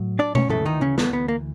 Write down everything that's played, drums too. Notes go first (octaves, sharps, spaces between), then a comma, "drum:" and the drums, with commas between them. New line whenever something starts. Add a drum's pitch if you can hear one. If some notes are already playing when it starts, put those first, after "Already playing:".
Already playing: A2 F#3
D4 D5
C#4 C#5, drum: tom
D2 C#3 E3 A3 A4, drum: tom
D#3 D#4
C#3 C#4
B3, drum: snare
B3
A#3